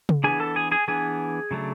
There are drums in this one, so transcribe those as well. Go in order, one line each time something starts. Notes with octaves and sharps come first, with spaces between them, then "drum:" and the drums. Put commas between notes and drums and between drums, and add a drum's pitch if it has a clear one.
drum: tom C#3
E3 B3 D4 G#4 G#5
A4 A5
G#4 G#5
G#4 G#5
E3 B3 D4 G#4 G#5
C#3 F#3 A3 D4